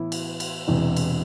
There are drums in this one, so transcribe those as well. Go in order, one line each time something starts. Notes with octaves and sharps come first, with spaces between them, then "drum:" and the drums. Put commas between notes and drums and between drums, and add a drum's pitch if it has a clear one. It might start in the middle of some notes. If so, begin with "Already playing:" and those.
Already playing: A2 E3 B3 E4
drum: cymbal
drum: cymbal
E1 E2 C3
drum: cymbal